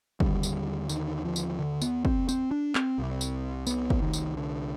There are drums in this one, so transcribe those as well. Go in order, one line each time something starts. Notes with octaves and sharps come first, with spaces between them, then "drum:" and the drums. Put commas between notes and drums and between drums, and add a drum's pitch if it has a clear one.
D#2 D3 G3, drum: kick
drum: tambourine
D#3, drum: tambourine
F3
drum: tambourine
D3
B3, drum: tambourine
C4, drum: kick
C4, drum: tambourine
D4
C4, drum: clap
C2 C3
drum: tambourine
B3, drum: tambourine
drum: kick
D#3
drum: tambourine
D3